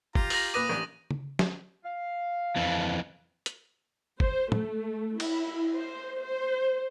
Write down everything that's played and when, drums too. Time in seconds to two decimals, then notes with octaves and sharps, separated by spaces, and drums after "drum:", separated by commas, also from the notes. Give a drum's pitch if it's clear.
0.15 F4 G4 A#5, drum: kick
0.30 A#6 F#7, drum: open hi-hat
0.54 A#2 B4 D6 D#6 A#6 D#7
0.69 A1 D4 G4
1.11 drum: tom C#3
1.39 drum: snare
1.85 F5
2.56 F2 E3
3.46 drum: hi-hat
4.20 C5, drum: kick
4.52 A3, drum: tom
5.20 E4, drum: cymbal
5.75 C5
6.22 C5